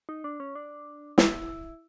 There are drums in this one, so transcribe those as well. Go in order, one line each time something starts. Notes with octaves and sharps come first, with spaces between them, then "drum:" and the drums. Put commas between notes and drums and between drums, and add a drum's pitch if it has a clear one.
D#4
D4
C#4
D4
E4, drum: snare